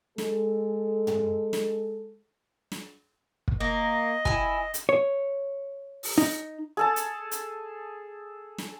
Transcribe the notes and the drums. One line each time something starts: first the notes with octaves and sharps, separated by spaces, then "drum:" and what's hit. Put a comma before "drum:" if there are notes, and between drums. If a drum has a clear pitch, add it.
G#3 A4, drum: snare
drum: tom
drum: snare
drum: snare
drum: kick
A#3 D#5
E4 G#5, drum: kick
drum: hi-hat
C#5
drum: open hi-hat
D#4, drum: snare
G#4 A4 A5
drum: hi-hat
drum: hi-hat
drum: snare